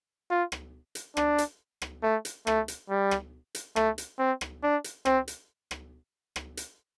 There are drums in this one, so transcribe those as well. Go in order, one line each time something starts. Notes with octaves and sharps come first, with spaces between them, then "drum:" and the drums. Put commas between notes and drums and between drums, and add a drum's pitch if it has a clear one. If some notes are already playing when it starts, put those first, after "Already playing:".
F4
drum: rim click
drum: hi-hat
D4, drum: rim click
drum: hi-hat
drum: rim click
A3
drum: hi-hat
A3, drum: rim click
drum: hi-hat
G3
drum: rim click
drum: hi-hat
A3, drum: rim click
drum: hi-hat
C4
drum: rim click
D4
drum: hi-hat
C4, drum: rim click
drum: hi-hat
drum: rim click
drum: rim click
drum: hi-hat